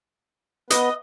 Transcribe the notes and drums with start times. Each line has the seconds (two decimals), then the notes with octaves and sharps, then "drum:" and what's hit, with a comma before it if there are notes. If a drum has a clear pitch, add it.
0.70 B3 B4 D#5, drum: hi-hat